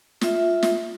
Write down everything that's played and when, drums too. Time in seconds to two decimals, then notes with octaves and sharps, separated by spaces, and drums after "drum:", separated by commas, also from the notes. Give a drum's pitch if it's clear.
0.21 F4 E5, drum: snare
0.63 drum: snare